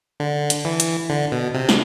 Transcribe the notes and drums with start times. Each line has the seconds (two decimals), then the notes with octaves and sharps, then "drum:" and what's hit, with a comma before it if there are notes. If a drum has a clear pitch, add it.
0.20 D3
0.50 drum: hi-hat
0.65 E3
0.80 drum: hi-hat
1.10 D3
1.32 B2
1.54 C3
1.69 drum: snare